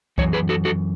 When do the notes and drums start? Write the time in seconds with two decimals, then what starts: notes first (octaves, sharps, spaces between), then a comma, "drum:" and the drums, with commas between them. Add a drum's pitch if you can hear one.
0.18 F#2 E3 C#5, drum: kick C2
0.33 G#4 B4
0.49 F#4 A4
0.65 F#4 A4